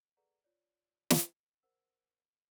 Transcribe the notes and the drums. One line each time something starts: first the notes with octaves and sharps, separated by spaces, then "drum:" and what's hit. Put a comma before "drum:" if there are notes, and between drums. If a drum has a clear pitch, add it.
G#4 A4 B4 D5 F#5 A#5
F4 C#5 D5
drum: snare
A#4 C5 F#5 E6